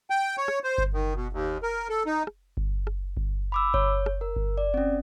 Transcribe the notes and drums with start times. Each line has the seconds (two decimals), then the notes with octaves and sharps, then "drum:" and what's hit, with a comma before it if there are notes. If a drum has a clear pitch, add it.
0.10 G5
0.38 C#5
0.48 drum: rim click
0.64 C5
0.78 drum: kick G1
0.93 D#3
1.16 B2
1.33 D#2
1.63 A#4
1.89 A4
2.06 D#4
2.27 drum: rim click
2.57 drum: kick G1
2.87 drum: rim click
3.17 drum: kick G1
3.52 B5 D6 E6
3.74 C#5, drum: kick G1
4.06 drum: rim click
4.21 A#4
4.36 drum: kick G1
4.58 D5
4.74 C4 C#4